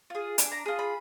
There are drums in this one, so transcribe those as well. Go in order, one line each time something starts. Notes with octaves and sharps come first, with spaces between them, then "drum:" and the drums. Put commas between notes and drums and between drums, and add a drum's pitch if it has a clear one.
F4 G#4
D4 G#5, drum: hi-hat
A#5
F4 G#4
B5